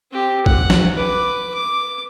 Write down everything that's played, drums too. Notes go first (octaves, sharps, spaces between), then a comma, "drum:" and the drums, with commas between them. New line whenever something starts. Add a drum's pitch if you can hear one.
C4 G4
F#5, drum: kick
drum: snare
B4 D6
D6